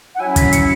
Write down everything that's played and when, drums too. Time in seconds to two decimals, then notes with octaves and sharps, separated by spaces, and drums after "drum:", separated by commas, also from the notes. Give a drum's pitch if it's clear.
0.15 F#5
0.20 F#3 C#4 E4 G#5
0.36 B6, drum: kick, hi-hat
0.53 C#7, drum: hi-hat